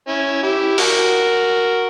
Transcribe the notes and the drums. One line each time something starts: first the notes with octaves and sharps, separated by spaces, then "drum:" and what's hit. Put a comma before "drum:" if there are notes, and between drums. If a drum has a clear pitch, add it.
C#4 E4
E4 G4
F#4 A#4, drum: open hi-hat